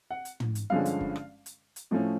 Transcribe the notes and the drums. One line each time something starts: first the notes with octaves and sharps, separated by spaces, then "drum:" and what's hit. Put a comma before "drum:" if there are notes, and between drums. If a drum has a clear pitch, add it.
F#5
drum: hi-hat
drum: tom
drum: hi-hat
G2 D3 F3 G#3 C#4 F5
drum: hi-hat
drum: kick
drum: rim click
drum: hi-hat
drum: hi-hat
A2 F3 A3 C#4